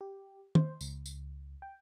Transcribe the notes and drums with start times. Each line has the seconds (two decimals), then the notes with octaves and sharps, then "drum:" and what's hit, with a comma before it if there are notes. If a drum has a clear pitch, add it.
0.01 G4
0.55 C5, drum: tom
0.81 C#2, drum: tambourine
1.06 drum: tambourine
1.62 G5